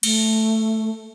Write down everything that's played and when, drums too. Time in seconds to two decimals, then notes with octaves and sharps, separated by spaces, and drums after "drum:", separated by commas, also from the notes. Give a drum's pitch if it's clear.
0.03 A3, drum: cymbal